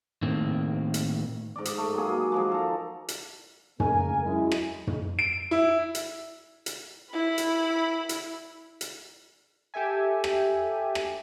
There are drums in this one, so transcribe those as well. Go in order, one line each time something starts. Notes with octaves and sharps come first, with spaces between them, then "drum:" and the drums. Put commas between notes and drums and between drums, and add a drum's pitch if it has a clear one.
A2 D#3 A#3 C4
drum: hi-hat
G#2 D5
drum: hi-hat
A3
F#3 G3 A#3 G#4
D#3 F3 G#3
A4 A#5
drum: hi-hat
D2 C#3 A#3 A#4 G#5, drum: tom
F#3 G#3 C#4 E4
drum: rim click
drum: tom
D7
E4
drum: hi-hat
drum: hi-hat
E4 B5
drum: hi-hat
drum: hi-hat
drum: hi-hat
G4 A4 E5 G#5
drum: rim click
drum: rim click